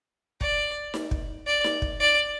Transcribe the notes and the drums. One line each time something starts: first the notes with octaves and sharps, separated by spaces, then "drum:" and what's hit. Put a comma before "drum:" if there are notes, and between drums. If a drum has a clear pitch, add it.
D5, drum: kick
drum: snare D#4
drum: kick
D5
drum: snare D#4
drum: kick
D5